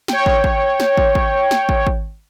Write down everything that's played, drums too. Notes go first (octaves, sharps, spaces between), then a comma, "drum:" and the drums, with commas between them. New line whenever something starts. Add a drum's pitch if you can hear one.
C#5 G5, drum: snare
drum: kick
drum: kick
drum: snare
drum: kick
drum: kick
drum: snare
drum: kick
drum: kick